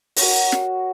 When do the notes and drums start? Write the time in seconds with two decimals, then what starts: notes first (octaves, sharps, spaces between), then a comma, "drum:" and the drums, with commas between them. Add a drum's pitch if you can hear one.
0.16 F#4 A#4 C#5 F#5, drum: open hi-hat
0.52 drum: snare